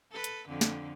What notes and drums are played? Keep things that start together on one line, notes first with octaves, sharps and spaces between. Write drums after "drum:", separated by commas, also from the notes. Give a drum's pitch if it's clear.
A4 B4
drum: hi-hat
F2 D3
drum: snare